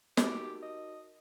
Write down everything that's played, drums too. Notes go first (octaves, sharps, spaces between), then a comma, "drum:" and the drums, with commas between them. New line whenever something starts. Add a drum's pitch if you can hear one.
D#4 F#4 G4 A#4, drum: snare
D#5